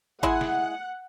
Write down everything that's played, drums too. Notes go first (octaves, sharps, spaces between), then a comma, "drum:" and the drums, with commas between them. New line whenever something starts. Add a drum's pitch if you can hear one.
G#3 E4 G#4 F#5, drum: kick G#1
drum: snare